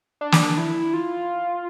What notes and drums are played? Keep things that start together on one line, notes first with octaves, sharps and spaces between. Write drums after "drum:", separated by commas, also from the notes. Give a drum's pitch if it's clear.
D4
drum: snare
E4
F4